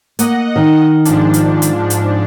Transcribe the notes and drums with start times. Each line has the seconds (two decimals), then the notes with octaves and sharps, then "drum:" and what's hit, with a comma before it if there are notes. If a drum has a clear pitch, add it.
0.19 A#3 D#5 F#5, drum: hi-hat
0.56 D#3
1.05 G#2 F3 D4, drum: hi-hat
1.34 drum: hi-hat
1.62 drum: hi-hat
1.90 drum: hi-hat